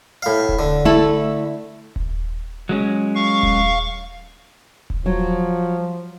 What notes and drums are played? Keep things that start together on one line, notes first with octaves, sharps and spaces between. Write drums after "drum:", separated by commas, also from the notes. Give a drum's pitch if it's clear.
A2 F5
drum: kick D#1
D3
A3 E4 A4
drum: kick D#1
F#3 G#3 C#4
F5 C#6
drum: kick D#1
drum: kick D#1
F3 F#3